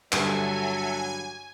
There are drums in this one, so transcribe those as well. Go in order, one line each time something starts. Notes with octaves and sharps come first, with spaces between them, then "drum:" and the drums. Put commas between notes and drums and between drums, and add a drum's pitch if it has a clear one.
G2 D3 F#3 A4 E5 G#5, drum: clap